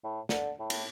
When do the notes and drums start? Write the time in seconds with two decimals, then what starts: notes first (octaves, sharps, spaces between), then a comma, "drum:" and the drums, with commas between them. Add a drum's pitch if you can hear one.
0.04 A2
0.29 D3, drum: snare
0.59 A2
0.70 drum: cymbal